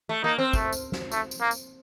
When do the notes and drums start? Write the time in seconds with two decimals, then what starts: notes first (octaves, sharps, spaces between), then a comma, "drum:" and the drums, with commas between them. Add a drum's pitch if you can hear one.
0.09 A3
0.23 A#3 D#4
0.39 C4
0.53 A3, drum: kick, tambourine
0.73 drum: tambourine
0.92 drum: snare
1.12 A3, drum: tambourine
1.31 drum: tambourine
1.41 A#3
1.51 drum: tambourine